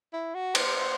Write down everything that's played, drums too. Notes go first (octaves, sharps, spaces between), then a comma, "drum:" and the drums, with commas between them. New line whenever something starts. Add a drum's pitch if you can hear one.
E4
F#4
C5, drum: cymbal